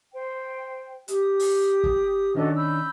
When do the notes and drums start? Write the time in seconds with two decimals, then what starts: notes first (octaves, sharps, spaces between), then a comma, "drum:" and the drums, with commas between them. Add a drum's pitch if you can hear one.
0.13 C5 G5
1.08 G4 D#6, drum: hi-hat
1.40 drum: open hi-hat
1.84 drum: kick
2.35 D#3 C#4 D4 F#4 A4 D#5
2.55 B5 E6 G6